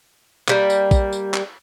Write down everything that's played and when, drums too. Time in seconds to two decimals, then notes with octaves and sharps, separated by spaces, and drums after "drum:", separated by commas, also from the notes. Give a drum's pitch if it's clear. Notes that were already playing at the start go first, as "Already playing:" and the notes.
0.48 G3 A#3, drum: clap
0.70 drum: tambourine
0.91 drum: kick A#1, tambourine
1.13 drum: tambourine
1.34 drum: clap